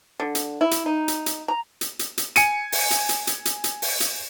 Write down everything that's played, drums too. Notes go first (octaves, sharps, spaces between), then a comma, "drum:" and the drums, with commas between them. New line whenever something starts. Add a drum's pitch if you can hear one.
D3
drum: hi-hat
E4
drum: hi-hat
D#4
drum: hi-hat
drum: hi-hat
A#5
drum: hi-hat
drum: hi-hat
drum: hi-hat
G#5 C#7 D#7, drum: hi-hat
drum: open hi-hat
drum: hi-hat
drum: hi-hat
drum: hi-hat
drum: hi-hat
drum: hi-hat
drum: open hi-hat
drum: hi-hat